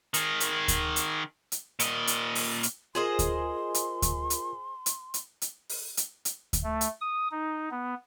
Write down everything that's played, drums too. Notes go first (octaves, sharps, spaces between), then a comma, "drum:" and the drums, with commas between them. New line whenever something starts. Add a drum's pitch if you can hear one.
D#3 G#4, drum: hi-hat
drum: hi-hat
drum: kick D2, hi-hat
drum: hi-hat
drum: hi-hat
A#2 D#5, drum: hi-hat
drum: hi-hat
drum: open hi-hat
drum: hi-hat
F4 G#4 A#4 C5 D#5 C6
drum: kick D2, hi-hat
drum: hi-hat
drum: kick D2, hi-hat
drum: hi-hat
drum: hi-hat
drum: hi-hat
drum: hi-hat
drum: open hi-hat
drum: hi-hat
drum: hi-hat
drum: kick D2, hi-hat
A3
drum: hi-hat
D#6
D#4
B3